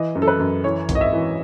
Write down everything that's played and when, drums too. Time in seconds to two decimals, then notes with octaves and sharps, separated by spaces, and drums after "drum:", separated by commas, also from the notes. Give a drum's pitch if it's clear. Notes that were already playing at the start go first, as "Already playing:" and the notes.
Already playing: E3 D#5
0.15 F#2
0.22 A4
0.28 B4
0.39 F#2
0.64 E3 C#5
0.89 G#1, drum: kick, hi-hat
0.95 D#5
1.01 E5
1.13 E3